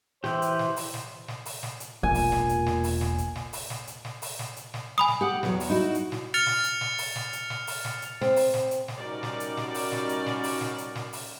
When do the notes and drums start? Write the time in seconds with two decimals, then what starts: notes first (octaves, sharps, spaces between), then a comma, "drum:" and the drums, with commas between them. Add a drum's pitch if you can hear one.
0.24 E3 G4 C5, drum: snare
0.42 drum: hi-hat
0.59 drum: snare
0.76 drum: open hi-hat
0.94 drum: snare
1.28 drum: snare
1.46 drum: open hi-hat
1.63 drum: snare
1.80 drum: hi-hat
2.03 E1 A#1 A#2 G#5
2.15 drum: open hi-hat
2.32 drum: snare
2.49 drum: hi-hat
2.66 drum: snare
2.84 drum: open hi-hat
3.01 drum: snare
3.18 drum: hi-hat
3.36 drum: snare
3.53 drum: open hi-hat
3.70 drum: snare
3.87 drum: hi-hat
4.05 drum: snare
4.22 drum: open hi-hat
4.39 drum: snare
4.56 drum: hi-hat
4.74 drum: snare
4.98 G#5 B5 D#6
5.08 drum: snare
5.21 G4 F#5
5.43 E2 F#3, drum: snare
5.60 drum: open hi-hat
5.70 D#4 E4 F#4
5.95 drum: hi-hat
6.12 drum: snare
6.34 F6 A6 C#7 F7
6.46 drum: snare
6.64 drum: hi-hat
6.81 drum: snare
6.98 drum: open hi-hat
7.15 drum: snare
7.33 drum: hi-hat
7.50 drum: snare
7.67 drum: open hi-hat
7.85 drum: snare
8.02 drum: hi-hat
8.21 C4, drum: snare
8.36 drum: open hi-hat
8.54 drum: snare
8.71 drum: hi-hat
8.88 drum: snare
8.98 G3 C#4 D#4 F#4 A#4 D5
9.23 drum: snare
9.40 drum: hi-hat
9.57 drum: snare
9.75 drum: open hi-hat
9.92 drum: snare
10.09 drum: hi-hat
10.26 drum: snare
10.44 drum: open hi-hat
10.61 drum: snare
10.78 drum: hi-hat
10.95 drum: snare
11.13 drum: open hi-hat